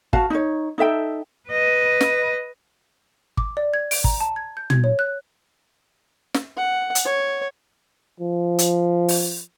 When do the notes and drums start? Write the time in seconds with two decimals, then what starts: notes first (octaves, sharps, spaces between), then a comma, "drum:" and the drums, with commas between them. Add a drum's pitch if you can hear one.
0.13 F#4 F5 A5, drum: kick
0.30 D#4 C#5
0.78 D#4 A4 E5 G5
1.50 B4 D#5
2.01 drum: snare
3.37 D6, drum: kick
3.57 D5
3.74 G#6
3.91 D7, drum: open hi-hat
4.04 A#5, drum: kick
4.21 A5
4.36 G#6
4.57 G6
4.70 G#6, drum: tom
4.84 C#5
4.99 F#6
6.34 drum: snare
6.57 F#5
6.95 drum: hi-hat
7.06 C#5
8.20 F3
8.59 drum: hi-hat
9.08 drum: open hi-hat